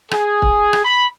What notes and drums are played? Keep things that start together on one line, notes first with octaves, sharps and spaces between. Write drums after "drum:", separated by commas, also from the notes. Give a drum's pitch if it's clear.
G#4, drum: rim click
drum: kick
drum: rim click
B5